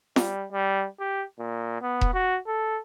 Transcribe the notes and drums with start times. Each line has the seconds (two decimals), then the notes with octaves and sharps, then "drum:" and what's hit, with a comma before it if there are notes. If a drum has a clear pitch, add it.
0.16 G3, drum: snare F4
0.52 G3
1.00 G4
1.39 A#2
1.82 B3
2.01 drum: kick E1
2.14 F#4
2.47 A4